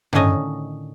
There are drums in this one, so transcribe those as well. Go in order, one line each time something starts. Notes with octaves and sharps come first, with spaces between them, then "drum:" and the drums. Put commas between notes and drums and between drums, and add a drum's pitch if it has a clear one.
A2 D3 D#3 A3 C#4 D#5, drum: tom G2